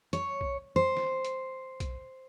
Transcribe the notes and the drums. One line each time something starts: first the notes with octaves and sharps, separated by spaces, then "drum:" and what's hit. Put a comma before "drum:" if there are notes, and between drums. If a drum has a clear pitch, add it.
C#5, drum: hi-hat
drum: kick B1
C5
drum: snare
drum: hi-hat
drum: kick B1, hi-hat